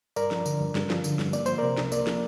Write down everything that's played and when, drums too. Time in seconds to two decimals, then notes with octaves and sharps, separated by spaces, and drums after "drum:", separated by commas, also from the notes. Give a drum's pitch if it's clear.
0.16 G2 A#4 D5, drum: tambourine
0.31 F3, drum: snare
0.46 D3, drum: tambourine
0.61 G2
0.75 G2, drum: snare
0.90 F3, drum: snare
1.04 D3, drum: tambourine
1.19 G2, drum: snare
1.33 A#3 D5, drum: tambourine
1.46 F3 C5, drum: tambourine
1.58 C3 A#4 D5
1.77 C2, drum: snare
1.92 A#3 A#4 D5, drum: tambourine
2.07 F3, drum: snare